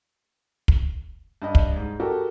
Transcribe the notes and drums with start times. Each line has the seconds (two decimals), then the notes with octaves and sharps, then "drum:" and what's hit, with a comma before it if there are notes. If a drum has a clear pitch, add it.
0.68 drum: kick
1.42 G2 D#5
1.55 drum: kick
1.76 G#2
2.00 F#4 G4 A4 A#4